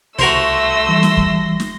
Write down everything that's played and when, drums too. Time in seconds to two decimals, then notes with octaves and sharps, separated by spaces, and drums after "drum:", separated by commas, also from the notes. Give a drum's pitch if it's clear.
0.19 C2 A3 F#4 A#4 C5 C6 E6 A#6
0.89 E3 G3
1.03 drum: snare
1.17 drum: kick
1.60 drum: snare